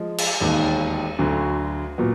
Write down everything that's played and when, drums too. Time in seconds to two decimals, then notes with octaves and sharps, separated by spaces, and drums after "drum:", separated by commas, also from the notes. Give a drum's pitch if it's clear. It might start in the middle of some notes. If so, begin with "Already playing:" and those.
Already playing: F3 G#3
0.18 drum: cymbal
0.40 E1 D#2 D#3
1.19 D2 D3 F#3
1.98 A#2 F#3 B3